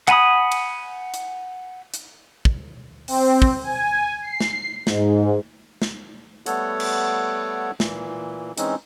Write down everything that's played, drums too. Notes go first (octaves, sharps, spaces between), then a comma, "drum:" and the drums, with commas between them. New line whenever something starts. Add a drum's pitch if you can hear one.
F#5 G#5 B5 D#6, drum: clap
drum: cymbal
drum: hi-hat
drum: hi-hat
drum: kick
C4, drum: open hi-hat
drum: kick
G#5
C7
drum: snare
G#2, drum: snare
drum: snare
G3 A3 B3 A4 C#5 F#5, drum: hi-hat
drum: cymbal
A#2 E3, drum: snare
E3 G#3 C4 C#4 D#4, drum: hi-hat